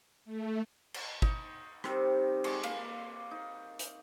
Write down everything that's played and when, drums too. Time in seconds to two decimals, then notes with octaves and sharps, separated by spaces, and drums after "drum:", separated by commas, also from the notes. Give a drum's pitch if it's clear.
0.25 A3
0.94 drum: cymbal
1.22 D#4, drum: kick
1.84 C3 D#3 G3 C4, drum: rim click
2.44 G#3 C#6 D6, drum: cymbal
2.63 A#3 F5, drum: cymbal
3.31 D#4
3.79 drum: hi-hat